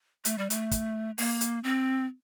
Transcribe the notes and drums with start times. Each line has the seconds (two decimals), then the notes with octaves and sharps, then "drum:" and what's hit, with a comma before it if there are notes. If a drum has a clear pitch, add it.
0.25 A3, drum: hi-hat
0.38 G3
0.50 A3, drum: hi-hat
0.71 drum: kick, hi-hat
1.18 A#3, drum: open hi-hat
1.41 drum: hi-hat
1.64 C4